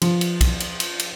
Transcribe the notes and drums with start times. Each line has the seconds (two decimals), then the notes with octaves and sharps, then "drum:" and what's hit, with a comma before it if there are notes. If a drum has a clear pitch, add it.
0.02 F3, drum: cymbal
0.21 drum: cymbal
0.41 drum: kick, cymbal
0.60 drum: cymbal
0.80 drum: cymbal
0.99 drum: cymbal